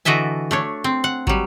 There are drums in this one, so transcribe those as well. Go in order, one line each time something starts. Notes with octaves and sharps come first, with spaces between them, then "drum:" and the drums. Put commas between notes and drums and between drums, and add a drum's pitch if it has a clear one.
D3 E3 F#4 D#5 E5 A5
A3 D4 C#5
C4
F#5
F#3 G3, drum: kick